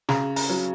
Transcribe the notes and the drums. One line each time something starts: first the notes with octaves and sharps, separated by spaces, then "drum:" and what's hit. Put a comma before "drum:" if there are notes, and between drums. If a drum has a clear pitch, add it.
C#3 A#5, drum: snare
A#5, drum: open hi-hat
F#3